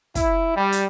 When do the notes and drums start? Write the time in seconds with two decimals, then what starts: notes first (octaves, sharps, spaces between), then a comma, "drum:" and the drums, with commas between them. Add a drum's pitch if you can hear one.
0.15 E4, drum: kick, hi-hat
0.56 G3
0.72 drum: hi-hat